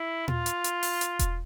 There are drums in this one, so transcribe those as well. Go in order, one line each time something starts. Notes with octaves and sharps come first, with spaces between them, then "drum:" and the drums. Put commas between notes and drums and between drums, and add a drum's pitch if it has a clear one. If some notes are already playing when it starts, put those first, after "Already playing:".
Already playing: E4
F4, drum: tom A#2
drum: hi-hat
drum: hi-hat
drum: open hi-hat
drum: hi-hat
drum: kick E1, hi-hat